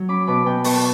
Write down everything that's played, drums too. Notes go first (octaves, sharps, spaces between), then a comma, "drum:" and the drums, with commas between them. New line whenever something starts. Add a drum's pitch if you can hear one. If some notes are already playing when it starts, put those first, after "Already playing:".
Already playing: F#3
C#4 B5 D6
B2 B5 D6
B2 G5 B5
B3 A5 C#6, drum: open hi-hat